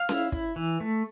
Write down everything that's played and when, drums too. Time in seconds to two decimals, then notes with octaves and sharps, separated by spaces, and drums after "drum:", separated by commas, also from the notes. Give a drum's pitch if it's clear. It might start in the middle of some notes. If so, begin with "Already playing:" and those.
Already playing: F5
0.09 E4, drum: snare C#4
0.32 E4, drum: kick
0.56 E3
0.80 A3